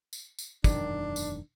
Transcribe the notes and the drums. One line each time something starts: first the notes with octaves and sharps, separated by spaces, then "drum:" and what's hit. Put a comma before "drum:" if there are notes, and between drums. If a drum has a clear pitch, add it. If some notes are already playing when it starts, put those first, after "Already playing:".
drum: tambourine
drum: tambourine
E1 F#2 D#3 D4, drum: kick, tambourine
drum: tambourine